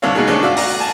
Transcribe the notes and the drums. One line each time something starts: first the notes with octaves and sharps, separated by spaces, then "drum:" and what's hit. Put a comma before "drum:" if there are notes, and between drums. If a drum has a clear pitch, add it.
C2 D3 E4 C#5 F5
B2 D#3 F#3 G#4
G#2 D3 A3 C#4 D4
F#4 D5 E5 F5
D5 A#5, drum: open hi-hat
G#5 A5